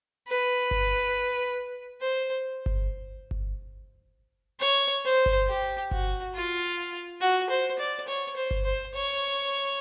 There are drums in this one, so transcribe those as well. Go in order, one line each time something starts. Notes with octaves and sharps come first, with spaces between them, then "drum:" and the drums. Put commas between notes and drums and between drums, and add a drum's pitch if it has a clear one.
B4
drum: kick G1
C5
drum: kick G1
drum: kick G1
C#5
C5
drum: kick G1
G4
F#4, drum: kick G1
F4
F#4
C5
D5
C#5
C5
drum: kick G1
C5
C#5